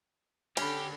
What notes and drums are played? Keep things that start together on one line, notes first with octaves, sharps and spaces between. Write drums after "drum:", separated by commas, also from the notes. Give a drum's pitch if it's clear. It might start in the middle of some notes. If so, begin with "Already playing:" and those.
D3 C#4 G4 A4 G#5 B5, drum: cymbal